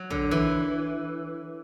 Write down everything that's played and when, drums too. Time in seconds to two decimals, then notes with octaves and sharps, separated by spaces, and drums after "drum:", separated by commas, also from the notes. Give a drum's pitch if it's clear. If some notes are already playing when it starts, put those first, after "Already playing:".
Already playing: F#3
0.10 D3, drum: kick
0.31 E3